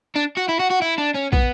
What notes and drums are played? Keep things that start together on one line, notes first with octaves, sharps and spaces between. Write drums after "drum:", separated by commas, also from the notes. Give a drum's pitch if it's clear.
D4
F#4
E4
F#4
F#4
E4
D4
C#4
B3, drum: kick